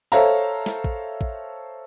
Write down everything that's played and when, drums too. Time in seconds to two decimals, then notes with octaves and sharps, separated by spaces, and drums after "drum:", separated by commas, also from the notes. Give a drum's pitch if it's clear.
0.12 A4 C5 C#5 E5 F5 A#5
0.66 drum: snare
0.84 drum: kick
1.21 drum: kick